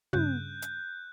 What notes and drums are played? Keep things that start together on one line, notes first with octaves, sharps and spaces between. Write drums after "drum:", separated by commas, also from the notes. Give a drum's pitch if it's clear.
G2 C#3 F#6 G6, drum: tom
drum: hi-hat